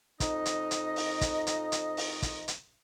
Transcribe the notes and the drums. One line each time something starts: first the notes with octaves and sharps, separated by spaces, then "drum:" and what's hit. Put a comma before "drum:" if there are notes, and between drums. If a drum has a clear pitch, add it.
F2 D#4 D#5, drum: kick, hi-hat
drum: hi-hat
drum: hi-hat
drum: open hi-hat
drum: kick, hi-hat
drum: hi-hat
drum: hi-hat
drum: open hi-hat
drum: kick, hi-hat
drum: hi-hat